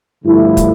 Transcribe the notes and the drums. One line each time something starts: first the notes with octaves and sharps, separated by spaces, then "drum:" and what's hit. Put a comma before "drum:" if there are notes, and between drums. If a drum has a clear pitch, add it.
G2 D3 F3 A3 E4
drum: kick, hi-hat